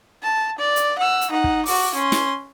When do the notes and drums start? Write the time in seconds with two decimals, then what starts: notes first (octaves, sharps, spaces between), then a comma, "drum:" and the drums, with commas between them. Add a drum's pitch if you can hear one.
0.23 A5
0.59 D5
0.76 drum: hi-hat
0.99 F#5 E6
1.21 drum: hi-hat
1.31 D#4 F#5
1.44 drum: kick
1.66 F#4 D6, drum: open hi-hat
1.95 C#4 C6
2.12 drum: snare